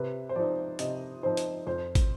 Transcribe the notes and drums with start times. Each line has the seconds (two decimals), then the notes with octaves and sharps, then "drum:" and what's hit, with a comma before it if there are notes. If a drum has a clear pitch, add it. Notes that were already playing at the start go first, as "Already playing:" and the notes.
Already playing: C3 B4
0.29 C5
0.36 F3 C4 D#4 D5
0.79 C3 D#5, drum: hi-hat
1.23 F3 C4 D#4 C5
1.37 drum: hi-hat
1.67 F2 C5
1.95 drum: kick, hi-hat